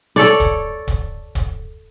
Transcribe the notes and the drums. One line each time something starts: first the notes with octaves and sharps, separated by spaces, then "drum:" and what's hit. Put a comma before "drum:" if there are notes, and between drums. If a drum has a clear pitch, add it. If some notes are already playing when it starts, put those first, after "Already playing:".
A4 C#5 D5
drum: kick D1, hi-hat
drum: kick D1, hi-hat
drum: kick D1, hi-hat